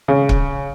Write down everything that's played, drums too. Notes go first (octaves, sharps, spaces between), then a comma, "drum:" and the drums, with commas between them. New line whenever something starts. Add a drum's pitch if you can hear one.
C#3
drum: kick